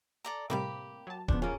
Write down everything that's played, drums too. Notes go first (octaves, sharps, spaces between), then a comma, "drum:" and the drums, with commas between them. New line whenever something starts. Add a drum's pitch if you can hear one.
A4 D5 A#5
A2 C3 G3 A#3 G4 B5 D6
F#3 A5
C#3 F3 B3 D4, drum: kick D#1
A#3 C#4 F4 G#4 A#4